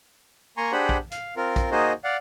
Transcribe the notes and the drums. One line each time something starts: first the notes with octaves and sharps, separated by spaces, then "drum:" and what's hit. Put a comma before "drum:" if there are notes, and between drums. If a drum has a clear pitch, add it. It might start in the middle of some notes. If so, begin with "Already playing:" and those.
A#3 G#5 A#5 C6 C#6
D4 G4 G#4 C5 F#5 B5
drum: kick
F5, drum: hi-hat
C4 F4 A#4
drum: kick, hi-hat
A#3 D#4 F#4 G#4 C5 D#5
D5 F5 F#5